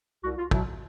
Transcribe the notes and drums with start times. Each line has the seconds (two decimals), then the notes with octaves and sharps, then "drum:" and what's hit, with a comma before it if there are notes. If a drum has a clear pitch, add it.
0.23 C2 F#4
0.38 F4
0.51 B2 F#3 E4, drum: kick